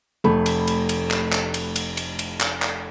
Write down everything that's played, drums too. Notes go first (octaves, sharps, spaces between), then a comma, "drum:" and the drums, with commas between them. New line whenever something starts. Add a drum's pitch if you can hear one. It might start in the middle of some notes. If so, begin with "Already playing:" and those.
F1 A3 B5
drum: cymbal
drum: cymbal
drum: cymbal
drum: clap
drum: clap
drum: cymbal
drum: cymbal
drum: cymbal
drum: cymbal
drum: clap
drum: clap